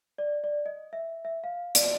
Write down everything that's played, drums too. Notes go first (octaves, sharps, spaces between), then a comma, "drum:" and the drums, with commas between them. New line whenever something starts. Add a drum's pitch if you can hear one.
D5
D5
D#5
E5
E5
F5
D5, drum: hi-hat